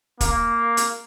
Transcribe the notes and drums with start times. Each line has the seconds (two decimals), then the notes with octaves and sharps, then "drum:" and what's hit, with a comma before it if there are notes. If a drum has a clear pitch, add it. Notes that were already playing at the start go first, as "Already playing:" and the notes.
0.21 A#3, drum: kick, hi-hat
0.77 drum: hi-hat